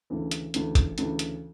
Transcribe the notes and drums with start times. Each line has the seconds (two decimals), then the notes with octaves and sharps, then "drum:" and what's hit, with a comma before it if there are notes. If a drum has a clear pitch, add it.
0.10 D2 C#3 E3
0.31 drum: hi-hat
0.54 D2 C#3 E3, drum: hi-hat
0.75 drum: kick, hi-hat
0.98 D2 C#3 E3, drum: hi-hat
1.19 drum: hi-hat